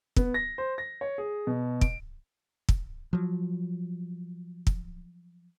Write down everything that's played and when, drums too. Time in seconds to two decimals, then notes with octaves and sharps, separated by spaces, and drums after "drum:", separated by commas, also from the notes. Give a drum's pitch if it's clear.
0.16 B3, drum: kick
0.34 A#6
0.58 C5
0.78 A#6
1.01 C#5
1.18 G#4
1.47 B2
1.81 D7, drum: kick
2.69 drum: kick
3.13 F3 F#3
4.67 drum: kick